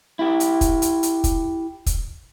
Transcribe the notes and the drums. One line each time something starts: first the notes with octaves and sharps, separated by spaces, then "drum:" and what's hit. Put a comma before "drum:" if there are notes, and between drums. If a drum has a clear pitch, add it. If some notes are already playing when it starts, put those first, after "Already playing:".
E4 G4
drum: hi-hat
drum: kick, hi-hat
drum: hi-hat
drum: hi-hat
drum: kick, hi-hat
drum: kick, hi-hat